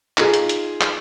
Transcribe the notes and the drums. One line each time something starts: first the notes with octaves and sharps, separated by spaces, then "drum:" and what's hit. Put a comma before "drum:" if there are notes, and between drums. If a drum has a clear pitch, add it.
D#4 F4 G#4, drum: clap
drum: hi-hat
drum: hi-hat
drum: clap